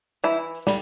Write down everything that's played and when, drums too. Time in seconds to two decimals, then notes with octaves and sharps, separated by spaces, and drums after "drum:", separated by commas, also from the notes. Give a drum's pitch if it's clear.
0.24 E3 E4
0.67 G3, drum: snare